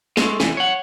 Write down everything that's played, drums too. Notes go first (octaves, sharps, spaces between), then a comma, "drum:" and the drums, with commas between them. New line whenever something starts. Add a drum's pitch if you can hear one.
G#3 A3, drum: snare
C3 E3, drum: snare
C#5 F#5